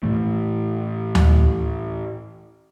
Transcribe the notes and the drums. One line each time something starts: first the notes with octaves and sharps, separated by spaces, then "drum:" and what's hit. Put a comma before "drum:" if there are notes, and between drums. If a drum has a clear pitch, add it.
A2 E3 A3
drum: tom D2